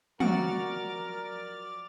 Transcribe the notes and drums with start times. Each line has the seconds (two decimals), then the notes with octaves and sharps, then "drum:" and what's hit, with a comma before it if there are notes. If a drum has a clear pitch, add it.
0.20 F3 F#3 F#4 A#4 D5 F6 A6, drum: tom